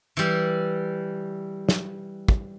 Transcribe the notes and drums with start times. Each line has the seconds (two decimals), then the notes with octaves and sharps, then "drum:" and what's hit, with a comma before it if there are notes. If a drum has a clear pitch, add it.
0.17 E3 G3
1.69 drum: snare
2.28 drum: kick